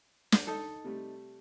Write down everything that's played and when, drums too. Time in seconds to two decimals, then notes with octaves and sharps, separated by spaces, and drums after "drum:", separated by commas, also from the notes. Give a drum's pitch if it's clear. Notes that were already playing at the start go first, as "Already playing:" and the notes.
0.32 drum: snare
0.47 D#4 A4
0.84 C3 G3 A3